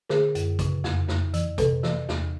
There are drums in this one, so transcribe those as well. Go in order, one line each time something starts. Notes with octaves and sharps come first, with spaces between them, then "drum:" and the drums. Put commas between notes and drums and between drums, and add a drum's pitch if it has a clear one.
D3 G#4 A#4, drum: snare
F#2, drum: hi-hat
C#3, drum: kick, hi-hat
F2, drum: snare
F2, drum: snare
E3, drum: hi-hat
C3 A4 B4, drum: kick, hi-hat
E3, drum: snare
E2, drum: snare